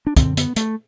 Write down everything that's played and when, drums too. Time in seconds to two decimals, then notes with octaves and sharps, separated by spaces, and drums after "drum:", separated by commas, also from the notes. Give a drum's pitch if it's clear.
0.07 D4
0.17 F#2 D3 C4, drum: kick, hi-hat
0.37 B3, drum: hi-hat
0.56 A3, drum: hi-hat